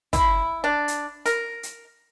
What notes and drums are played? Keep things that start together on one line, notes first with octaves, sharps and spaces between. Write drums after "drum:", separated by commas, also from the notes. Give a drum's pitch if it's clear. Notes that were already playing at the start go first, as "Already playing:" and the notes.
E4, drum: kick, hi-hat
D4
drum: hi-hat
A#4, drum: hi-hat
drum: hi-hat